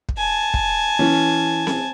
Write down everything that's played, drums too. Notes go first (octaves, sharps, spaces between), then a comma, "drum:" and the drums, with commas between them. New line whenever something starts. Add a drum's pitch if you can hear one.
drum: kick
G#5 A5
drum: kick
E3 C#4
drum: snare C4